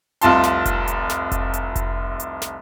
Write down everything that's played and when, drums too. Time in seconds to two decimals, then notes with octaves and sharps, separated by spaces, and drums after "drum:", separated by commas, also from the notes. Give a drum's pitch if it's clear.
0.21 F1 C2 F4 A5 C6, drum: hi-hat
0.43 drum: snare
0.65 drum: kick F1, hi-hat
0.88 drum: hi-hat
1.10 drum: snare
1.32 drum: kick F1, hi-hat
1.54 drum: hi-hat
1.76 drum: kick F1, hi-hat
2.20 drum: hi-hat
2.42 drum: snare